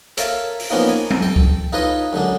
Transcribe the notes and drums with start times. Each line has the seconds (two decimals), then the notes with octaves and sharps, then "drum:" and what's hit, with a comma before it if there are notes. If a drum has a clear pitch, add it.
0.17 A4 A#4 C#5 E5 F5 A5, drum: hi-hat
0.59 drum: open hi-hat
0.70 F3 A#3 B3 C#4 D#4 F4
0.89 G#5
1.10 drum: tom F#3
1.22 A4 G5
1.36 drum: kick C#2
1.72 D#4 F4 A4 B4 C#5 D#5
2.13 F#2 D3 G#3 D4